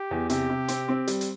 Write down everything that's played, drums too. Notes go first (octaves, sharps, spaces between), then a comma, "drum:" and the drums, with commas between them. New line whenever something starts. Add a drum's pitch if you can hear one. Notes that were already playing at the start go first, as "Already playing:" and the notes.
Already playing: G4
E2
C3 G4, drum: hi-hat
C3
C4, drum: hi-hat
C4
G3, drum: hi-hat
drum: hi-hat